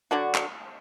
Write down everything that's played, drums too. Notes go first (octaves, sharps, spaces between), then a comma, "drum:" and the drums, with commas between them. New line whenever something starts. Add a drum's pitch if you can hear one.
D3 F#3 D4 F#4
drum: clap